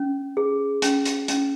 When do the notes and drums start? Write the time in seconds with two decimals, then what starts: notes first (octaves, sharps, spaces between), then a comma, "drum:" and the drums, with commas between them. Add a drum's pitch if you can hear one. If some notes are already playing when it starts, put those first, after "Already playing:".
Already playing: C#4
0.37 G#4
0.82 C#4, drum: hi-hat
1.05 drum: hi-hat
1.28 C#4, drum: hi-hat